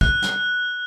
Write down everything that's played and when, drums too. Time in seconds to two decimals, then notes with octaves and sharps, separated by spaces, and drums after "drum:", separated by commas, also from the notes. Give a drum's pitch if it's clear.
0.01 F#6, drum: kick
0.22 drum: snare